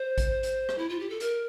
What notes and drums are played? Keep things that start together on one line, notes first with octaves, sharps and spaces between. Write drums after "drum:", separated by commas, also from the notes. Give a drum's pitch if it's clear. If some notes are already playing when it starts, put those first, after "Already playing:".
Already playing: C5
drum: kick A1, hi-hat
drum: hi-hat
drum: rim click
E4
F4
G4
A4
A#4, drum: hi-hat